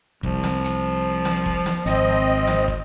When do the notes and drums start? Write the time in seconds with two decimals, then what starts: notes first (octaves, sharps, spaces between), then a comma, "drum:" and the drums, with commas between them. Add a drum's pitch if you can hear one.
0.23 C2 F3, drum: kick
0.44 drum: snare
0.64 drum: hi-hat
1.25 drum: snare
1.46 drum: kick
1.66 drum: snare
1.86 G#1 C4 D#5, drum: hi-hat
2.48 drum: snare
2.68 drum: kick